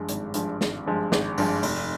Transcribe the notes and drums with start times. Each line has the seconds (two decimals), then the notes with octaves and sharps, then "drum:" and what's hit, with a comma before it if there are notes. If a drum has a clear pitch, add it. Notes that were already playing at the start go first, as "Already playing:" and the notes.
Already playing: G2 F3 G#3
0.09 G#1, drum: hi-hat
0.34 G2 F3 G#3, drum: hi-hat
0.61 G#1, drum: snare
0.86 G2 F3 G#3
1.12 G#1, drum: snare
1.38 G2 F3 G#3, drum: open hi-hat
1.63 F1, drum: open hi-hat